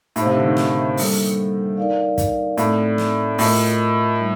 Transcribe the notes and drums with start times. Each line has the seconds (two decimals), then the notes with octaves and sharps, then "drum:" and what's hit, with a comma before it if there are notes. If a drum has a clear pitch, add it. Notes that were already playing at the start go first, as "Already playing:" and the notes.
0.16 A2 D#4 G4 C5 F5, drum: hi-hat
0.26 C3
0.36 D3
0.46 D#3
0.57 drum: snare
0.97 G3 A#3 D4 A4, drum: open hi-hat
1.77 D#4 A#4 D5 F5
2.18 drum: kick, hi-hat
2.57 A2 A3 C4 D#4 A4 D5, drum: hi-hat
2.98 drum: snare
3.38 A2 F4 A#4 D#5, drum: open hi-hat
4.19 G3 A#3 D#4